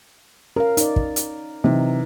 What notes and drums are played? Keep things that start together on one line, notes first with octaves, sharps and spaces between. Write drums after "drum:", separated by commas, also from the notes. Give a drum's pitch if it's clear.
C#4 A#4 F5
D#4 D5, drum: hi-hat
drum: kick
drum: hi-hat
C3 E3 F#3 D#4